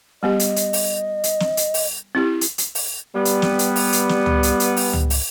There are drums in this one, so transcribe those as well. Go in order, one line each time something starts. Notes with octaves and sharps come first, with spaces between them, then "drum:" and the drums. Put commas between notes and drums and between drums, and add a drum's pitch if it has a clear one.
G3 B3 G4 D#5
drum: hi-hat
drum: hi-hat
drum: open hi-hat
drum: hi-hat
drum: snare
drum: hi-hat
drum: open hi-hat
C4 E4 G4
drum: hi-hat
drum: hi-hat
drum: open hi-hat
G3 B3
drum: hi-hat
drum: snare
drum: hi-hat
drum: open hi-hat
drum: hi-hat
drum: snare
drum: tom C#2
drum: hi-hat
drum: hi-hat
drum: open hi-hat
drum: tom C#2
drum: open hi-hat